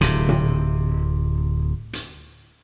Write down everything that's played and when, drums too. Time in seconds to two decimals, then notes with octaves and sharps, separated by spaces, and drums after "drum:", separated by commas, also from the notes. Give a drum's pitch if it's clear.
0.01 D1 C3, drum: hi-hat
0.29 drum: tom A#2
1.93 drum: hi-hat